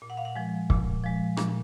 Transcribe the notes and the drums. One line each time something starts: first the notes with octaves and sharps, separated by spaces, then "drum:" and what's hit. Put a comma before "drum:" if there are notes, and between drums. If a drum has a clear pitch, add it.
A#2
F#5
F5
F#5
F3 G#3
A#2, drum: kick C#1
F3 G#3
A#2, drum: rim click